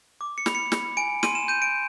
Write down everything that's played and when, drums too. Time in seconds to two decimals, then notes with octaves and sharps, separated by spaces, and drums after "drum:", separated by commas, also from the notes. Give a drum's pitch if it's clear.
0.21 D6
0.38 C#7
0.46 B5, drum: snare
0.55 C#7
0.72 B5, drum: snare
0.97 G#5 D7
1.23 C6 D#7, drum: snare
1.35 E7
1.48 G6 D#7
1.62 D7